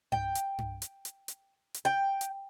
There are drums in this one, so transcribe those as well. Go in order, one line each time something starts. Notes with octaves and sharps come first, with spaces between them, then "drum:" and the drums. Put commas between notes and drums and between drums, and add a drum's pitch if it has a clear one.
G5, drum: tom G2
drum: hi-hat
drum: tom G2
drum: hi-hat
drum: hi-hat
drum: hi-hat
drum: hi-hat
G5
drum: hi-hat